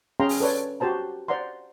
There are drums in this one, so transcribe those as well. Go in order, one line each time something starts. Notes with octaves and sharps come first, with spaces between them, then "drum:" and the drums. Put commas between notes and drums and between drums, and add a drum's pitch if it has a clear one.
C#4 G#4 F5 G5 A#5 C6
drum: open hi-hat
A4 B4 C#5 D5
F#4 G4 C5 A5 A#5
C5 D5 F#5 A#5 C6